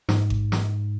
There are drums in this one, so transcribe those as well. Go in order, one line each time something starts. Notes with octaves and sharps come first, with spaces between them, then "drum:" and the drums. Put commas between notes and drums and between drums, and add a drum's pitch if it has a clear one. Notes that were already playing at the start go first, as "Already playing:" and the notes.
G#2, drum: snare
drum: kick G#1
drum: snare